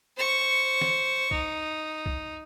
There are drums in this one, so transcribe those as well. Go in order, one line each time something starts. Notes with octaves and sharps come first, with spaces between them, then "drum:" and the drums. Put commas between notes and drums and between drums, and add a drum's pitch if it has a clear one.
C5 C#6
drum: snare
D#4, drum: kick C2
drum: kick C2